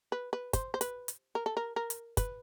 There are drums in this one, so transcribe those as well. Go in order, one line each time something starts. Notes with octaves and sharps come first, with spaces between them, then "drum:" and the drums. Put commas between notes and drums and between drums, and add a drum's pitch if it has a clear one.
B4
B4
C5, drum: kick, hi-hat
C5
B4, drum: hi-hat
drum: hi-hat
A#4
A4
A#4
A#4
drum: hi-hat
B4, drum: kick, hi-hat